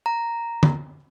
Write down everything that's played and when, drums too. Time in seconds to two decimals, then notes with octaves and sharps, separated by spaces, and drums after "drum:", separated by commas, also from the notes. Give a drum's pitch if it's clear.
0.06 A#5
0.63 drum: tom